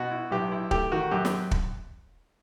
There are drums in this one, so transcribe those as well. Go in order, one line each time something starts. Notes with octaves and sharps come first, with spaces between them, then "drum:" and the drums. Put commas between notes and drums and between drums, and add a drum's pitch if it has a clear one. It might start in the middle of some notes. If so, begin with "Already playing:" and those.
Already playing: B2 F#4
E4
B1 G4
E4
A3 G4, drum: kick
D#3 F#4
F#2 G4
drum: snare
drum: kick